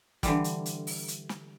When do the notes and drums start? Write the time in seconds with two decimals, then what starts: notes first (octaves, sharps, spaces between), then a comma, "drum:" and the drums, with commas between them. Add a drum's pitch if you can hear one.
0.23 D3 E3 G3, drum: kick, hi-hat
0.44 drum: hi-hat
0.66 drum: hi-hat
0.87 drum: open hi-hat
1.08 drum: hi-hat
1.29 drum: snare